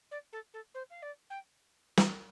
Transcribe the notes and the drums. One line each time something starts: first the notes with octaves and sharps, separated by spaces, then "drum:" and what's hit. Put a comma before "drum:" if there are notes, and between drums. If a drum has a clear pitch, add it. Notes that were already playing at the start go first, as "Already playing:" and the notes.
D5
A4
A4
C5
F5
D5
G5
drum: snare